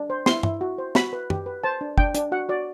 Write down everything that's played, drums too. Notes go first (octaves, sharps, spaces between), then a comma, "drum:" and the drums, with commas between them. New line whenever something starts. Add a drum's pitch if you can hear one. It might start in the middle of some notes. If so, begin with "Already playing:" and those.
Already playing: D4
C5
E4 C6, drum: snare
E4, drum: tom
F#4
C5
F#4 B5, drum: snare
B4
G4, drum: tom F#2
B4
C5 A5
D4
D4 G5, drum: kick
D4, drum: hi-hat
F#4 F#5
F#4 D5